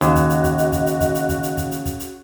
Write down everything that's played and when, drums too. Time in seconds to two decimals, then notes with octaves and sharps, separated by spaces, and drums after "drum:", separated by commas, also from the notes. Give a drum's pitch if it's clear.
0.01 D#2 C#3 F#4 D#5, drum: hi-hat
0.15 drum: kick, hi-hat
0.30 drum: hi-hat
0.44 drum: kick, hi-hat
0.58 drum: hi-hat
0.72 drum: kick, hi-hat
0.86 drum: hi-hat
1.00 drum: kick, hi-hat
1.15 drum: hi-hat
1.29 drum: kick, hi-hat
1.43 drum: hi-hat
1.57 drum: kick, hi-hat
1.71 drum: hi-hat
1.85 drum: kick, hi-hat
2.00 drum: hi-hat